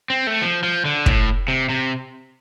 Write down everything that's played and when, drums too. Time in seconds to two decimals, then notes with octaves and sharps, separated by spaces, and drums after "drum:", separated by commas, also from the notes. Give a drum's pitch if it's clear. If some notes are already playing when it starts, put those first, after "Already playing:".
0.10 C4
0.27 A3
0.42 F3
0.64 F3
0.85 D3
1.06 A2, drum: kick
1.48 C3
1.69 C3